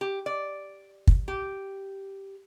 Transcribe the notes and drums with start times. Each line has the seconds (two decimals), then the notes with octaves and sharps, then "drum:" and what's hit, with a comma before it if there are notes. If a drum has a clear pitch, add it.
0.01 G4
0.26 D5
1.07 drum: kick
1.28 G4